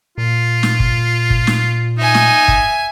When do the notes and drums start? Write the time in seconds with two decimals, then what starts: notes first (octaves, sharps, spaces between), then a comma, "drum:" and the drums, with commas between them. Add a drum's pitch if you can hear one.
0.18 A#2 F4
0.63 drum: snare
0.80 drum: kick
1.30 drum: kick
1.47 drum: snare
1.98 D#4 E5 G#5
2.15 drum: snare
2.48 drum: kick